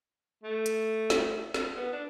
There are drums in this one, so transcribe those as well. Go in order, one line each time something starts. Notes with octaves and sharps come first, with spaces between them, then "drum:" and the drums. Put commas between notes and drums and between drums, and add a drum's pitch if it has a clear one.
A3
drum: hi-hat
drum: snare
drum: snare
B3
D4